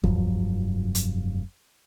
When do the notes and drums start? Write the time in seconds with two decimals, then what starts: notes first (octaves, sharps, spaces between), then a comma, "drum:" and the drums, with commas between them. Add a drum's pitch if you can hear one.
0.03 F1 G2 F3 F#3, drum: kick D#2
0.95 drum: hi-hat